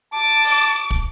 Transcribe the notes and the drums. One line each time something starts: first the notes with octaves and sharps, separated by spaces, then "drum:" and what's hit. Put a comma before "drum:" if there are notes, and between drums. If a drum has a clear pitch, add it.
A5 D6
drum: open hi-hat
drum: kick